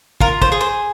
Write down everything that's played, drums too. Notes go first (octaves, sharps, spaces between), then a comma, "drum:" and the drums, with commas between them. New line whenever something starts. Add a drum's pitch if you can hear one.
F4 A#4, drum: kick
C5, drum: kick
G#4
C5